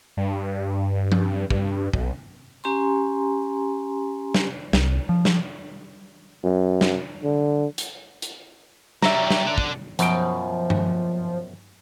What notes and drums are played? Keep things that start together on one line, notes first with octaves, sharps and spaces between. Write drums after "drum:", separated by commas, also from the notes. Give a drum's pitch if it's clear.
G2
drum: tom F3
G2, drum: kick
B1, drum: kick
C#4 G4 G#5 A#5 C6
drum: snare
C2, drum: snare
F3
drum: snare
F#2
drum: snare
D3
drum: hi-hat
drum: hi-hat
F#3 G3 E5 A#5, drum: snare
drum: snare
D4 F#5
drum: kick
F#2 B2 F3 G5, drum: hi-hat
drum: tom